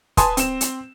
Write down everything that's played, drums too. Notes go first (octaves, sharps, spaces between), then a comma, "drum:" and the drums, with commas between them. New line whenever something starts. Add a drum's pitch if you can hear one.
B4 G#5 A5 C6 D#6, drum: kick, hi-hat
C4 E7, drum: hi-hat
drum: hi-hat